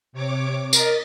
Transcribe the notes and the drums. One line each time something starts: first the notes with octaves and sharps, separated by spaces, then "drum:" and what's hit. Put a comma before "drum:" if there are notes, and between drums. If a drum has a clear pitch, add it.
C3 C#5 D6
A#4 D#5 A6 B6, drum: tambourine